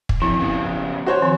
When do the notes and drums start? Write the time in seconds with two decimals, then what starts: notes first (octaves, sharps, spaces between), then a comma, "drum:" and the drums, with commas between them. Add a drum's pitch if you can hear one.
0.09 drum: kick
0.22 C3 E3 F3 C4 E4
0.40 C#3 B3
1.06 F#4 C5 C#5
1.22 D#3 F3 C4